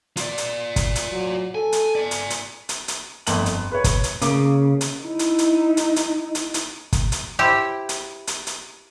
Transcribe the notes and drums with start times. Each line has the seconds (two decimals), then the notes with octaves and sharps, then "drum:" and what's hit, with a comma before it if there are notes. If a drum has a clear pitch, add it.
0.17 F4 D5, drum: hi-hat
0.38 drum: hi-hat
0.76 drum: kick, hi-hat
0.95 drum: hi-hat
1.11 F#3
1.55 A4 G#5
1.72 drum: hi-hat
1.96 D5 G#5
2.11 drum: hi-hat
2.30 drum: hi-hat
2.69 drum: hi-hat
2.88 drum: hi-hat
3.27 G1 F2 F#7, drum: hi-hat
3.46 drum: hi-hat
3.72 B4 C#5
3.84 drum: kick, hi-hat
4.04 drum: hi-hat
4.22 C#3 A#3 D6, drum: hi-hat
4.81 drum: hi-hat
5.01 D#4 E4
5.19 drum: hi-hat
5.38 drum: hi-hat
5.77 drum: hi-hat
5.96 drum: hi-hat
6.35 drum: hi-hat
6.54 drum: hi-hat
6.93 drum: kick, hi-hat
7.12 drum: hi-hat
7.39 E4 G4 C5
7.89 drum: hi-hat
8.27 drum: hi-hat
8.47 drum: hi-hat